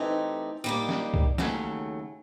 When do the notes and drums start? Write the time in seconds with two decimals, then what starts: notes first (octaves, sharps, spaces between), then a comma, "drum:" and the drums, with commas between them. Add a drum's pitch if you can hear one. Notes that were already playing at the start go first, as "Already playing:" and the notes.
Already playing: E3 A3 C4 D#4 G4
0.64 G3 A#3 D#4 G4
0.89 drum: snare
1.14 drum: kick C2
1.38 D#2 C#3 F#3 A3, drum: snare